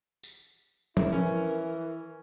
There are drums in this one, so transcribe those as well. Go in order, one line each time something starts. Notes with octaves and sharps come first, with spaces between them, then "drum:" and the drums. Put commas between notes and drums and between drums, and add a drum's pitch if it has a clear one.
drum: tambourine
E4 A#4, drum: tom F3
E3 C#4